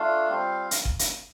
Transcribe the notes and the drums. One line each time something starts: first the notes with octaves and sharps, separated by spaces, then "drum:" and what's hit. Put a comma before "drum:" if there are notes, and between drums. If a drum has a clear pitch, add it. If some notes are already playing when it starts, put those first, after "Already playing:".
Already playing: A3 D4 F4 F5
G3 C4 F4
drum: hi-hat
drum: kick F1
drum: hi-hat